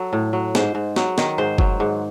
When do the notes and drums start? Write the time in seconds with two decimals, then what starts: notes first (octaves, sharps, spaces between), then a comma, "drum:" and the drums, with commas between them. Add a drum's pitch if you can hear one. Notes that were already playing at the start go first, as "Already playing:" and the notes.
Already playing: F#3 A4
0.13 A2
0.33 F#3
0.55 G#2 C5, drum: snare
0.75 G#2
0.96 F#3, drum: snare
1.18 D#3, drum: snare
1.38 G#2 C5
1.58 F#3, drum: kick F#1
1.80 G#2